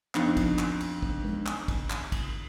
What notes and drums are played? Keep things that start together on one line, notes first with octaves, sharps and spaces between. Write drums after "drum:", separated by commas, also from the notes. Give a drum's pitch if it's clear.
F2 B3 D4 D#4, drum: clap
drum: kick, cymbal
drum: clap
drum: cymbal
drum: kick
drum: tom G#3
drum: clap
drum: kick, cymbal
drum: clap
drum: kick, cymbal